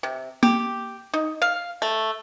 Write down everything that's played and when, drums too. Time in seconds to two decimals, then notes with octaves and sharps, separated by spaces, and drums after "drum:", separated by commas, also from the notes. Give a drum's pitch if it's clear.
0.03 C3
0.43 G4, drum: tom A#3
1.13 D#4
1.42 F5
1.82 A3